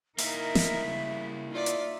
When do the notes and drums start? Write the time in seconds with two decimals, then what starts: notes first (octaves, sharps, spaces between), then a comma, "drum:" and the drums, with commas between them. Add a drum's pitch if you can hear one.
0.18 A#3 D#4 E4 A#4 E5, drum: open hi-hat
0.55 drum: snare
0.88 C#3 G3
1.52 D#4 F4 D5 E5
1.66 drum: hi-hat